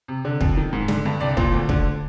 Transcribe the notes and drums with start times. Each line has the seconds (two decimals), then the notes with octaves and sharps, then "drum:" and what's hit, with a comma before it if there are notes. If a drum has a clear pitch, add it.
0.08 C3
0.25 D3
0.41 F2, drum: kick
0.57 D#3
0.73 G#2
0.88 D3, drum: snare
1.06 G2
1.20 C2 D5
1.37 A#2 C5, drum: kick
1.53 D2
1.69 D3, drum: kick